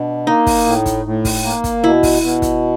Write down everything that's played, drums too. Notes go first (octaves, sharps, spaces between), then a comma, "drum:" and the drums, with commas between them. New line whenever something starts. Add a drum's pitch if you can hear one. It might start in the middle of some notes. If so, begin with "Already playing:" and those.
Already playing: B2 D4
A#3 D#4
drum: kick, open hi-hat
A2
drum: kick, hi-hat
A2
drum: kick, open hi-hat
A#3
drum: kick, hi-hat
B2 E4
drum: kick, open hi-hat
B2
drum: kick, hi-hat